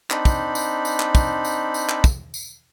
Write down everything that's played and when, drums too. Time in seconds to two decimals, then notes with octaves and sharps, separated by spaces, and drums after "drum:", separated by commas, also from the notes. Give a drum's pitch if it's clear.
0.10 C4 D4 D#4 B5, drum: clap
0.25 drum: kick, tambourine
0.55 drum: tambourine
0.85 drum: tambourine
1.00 drum: clap
1.15 drum: kick, tambourine
1.44 drum: tambourine
1.74 drum: tambourine
1.89 drum: clap
2.04 drum: kick, tambourine
2.34 drum: tambourine